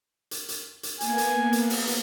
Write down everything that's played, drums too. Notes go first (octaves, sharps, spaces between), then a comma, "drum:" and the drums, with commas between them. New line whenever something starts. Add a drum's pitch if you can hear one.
drum: hi-hat
drum: hi-hat
drum: hi-hat
A#3 B3 G#5, drum: hi-hat
drum: hi-hat
drum: hi-hat
drum: open hi-hat
drum: hi-hat